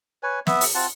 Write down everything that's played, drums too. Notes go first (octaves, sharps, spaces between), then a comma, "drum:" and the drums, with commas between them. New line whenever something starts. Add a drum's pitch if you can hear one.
B4 C#5 G#5
B3 E5, drum: snare
drum: open hi-hat
C4 F4 F#5 A5